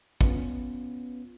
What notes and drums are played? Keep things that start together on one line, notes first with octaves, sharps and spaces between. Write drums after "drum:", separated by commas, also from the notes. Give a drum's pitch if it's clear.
B3 C#4 F4 B4, drum: kick